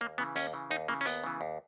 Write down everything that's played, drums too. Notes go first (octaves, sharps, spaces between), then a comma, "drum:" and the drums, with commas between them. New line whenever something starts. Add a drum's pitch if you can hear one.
D#2 A#3
C#3 E3 B3
D#2 C#4, drum: hi-hat
C#3 E3
D#2 D#4
C#3 E3 A#3
C#4
D#2 B3, drum: hi-hat
C#3 E3
D#2